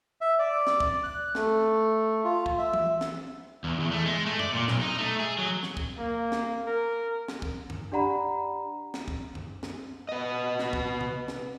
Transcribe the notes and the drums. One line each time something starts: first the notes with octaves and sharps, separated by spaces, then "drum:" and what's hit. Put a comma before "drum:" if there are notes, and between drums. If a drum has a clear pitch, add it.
E5
D5
drum: snare
drum: kick
F#6
A3, drum: snare
F4
drum: kick
E5
drum: tom
drum: snare
E2
E2
A3
G#3
A3
D5, drum: tom F#2
A#2
B1, drum: snare
D#4
A3
G#4
F#3
drum: snare
drum: kick
A#3
drum: snare
A#4
drum: snare
drum: kick
drum: tom F#2
D4 G4 D5 F#5 A#5 B5
drum: snare
drum: kick
drum: tom F#2
drum: snare
B3 D#5
drum: snare
drum: kick
drum: tom C3
drum: snare